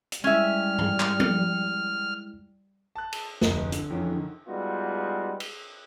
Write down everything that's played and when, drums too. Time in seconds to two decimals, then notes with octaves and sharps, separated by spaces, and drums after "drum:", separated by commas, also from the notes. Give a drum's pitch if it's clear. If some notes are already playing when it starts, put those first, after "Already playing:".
0.12 drum: hi-hat
0.24 G3 G#3 C#4 E4 E5 F6
0.78 drum: tom G2
1.00 drum: clap
1.20 drum: tom F3
2.95 A5 F#6
3.12 drum: cymbal
3.41 F1 D2 B4 D#5, drum: snare
3.72 D3, drum: hi-hat
3.90 F2 D3 E3 F#3 A3 C#4
4.12 D3 D#3
4.48 G3 G#3 B3 D#4 F4 F#4
5.40 drum: cymbal